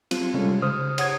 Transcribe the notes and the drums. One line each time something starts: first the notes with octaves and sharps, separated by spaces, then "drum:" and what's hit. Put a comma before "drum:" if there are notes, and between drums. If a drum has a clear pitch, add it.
F#3 C4 F4, drum: cymbal
C3 G3 G#3 C#4 F4 A4
C#3 C5 D#6 F6
C#5 F#5 D#6 G#6, drum: cymbal